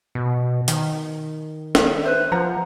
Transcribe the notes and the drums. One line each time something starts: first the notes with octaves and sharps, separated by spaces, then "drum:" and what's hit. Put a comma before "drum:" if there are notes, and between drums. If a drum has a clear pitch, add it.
B2
D#3, drum: hi-hat
drum: snare
B4 C5 E5
F3 C5 F#5 A#5